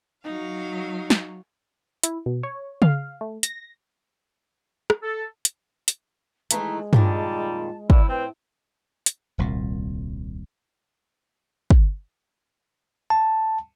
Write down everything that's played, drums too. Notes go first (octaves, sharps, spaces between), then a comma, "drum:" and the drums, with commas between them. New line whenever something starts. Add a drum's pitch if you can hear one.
F#3 D#4 F5
drum: snare
E4, drum: hi-hat
B2
C#5
F5, drum: tom C#3
A3
A#6, drum: hi-hat
drum: rim click
A4
drum: hi-hat
drum: hi-hat
D#3 E3 G#3 A3 A#5, drum: hi-hat
F2 A#2 D#3 G3 A5, drum: tom G2
A2 E4 D5, drum: kick
C4 B4 G5
drum: hi-hat
D#1 C2 A#2
drum: kick
A5